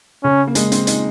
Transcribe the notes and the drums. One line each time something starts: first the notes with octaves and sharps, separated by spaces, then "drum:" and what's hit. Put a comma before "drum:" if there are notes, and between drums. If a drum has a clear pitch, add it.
C#3 C#4
A#3
G#3, drum: hi-hat
C4, drum: hi-hat
D#4, drum: hi-hat